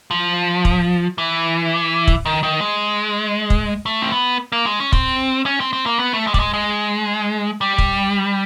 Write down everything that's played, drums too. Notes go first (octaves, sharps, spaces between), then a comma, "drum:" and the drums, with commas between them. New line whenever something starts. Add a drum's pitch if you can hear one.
F3
drum: kick
E3
drum: kick
D#3
D#3
G#3
drum: kick
A3
C4
B3
A#3
G#3
C#4
C4, drum: kick
C#4
C4
C4
A#3
B3
A3
G#3
G3, drum: kick
G#3
G#3
G3
drum: kick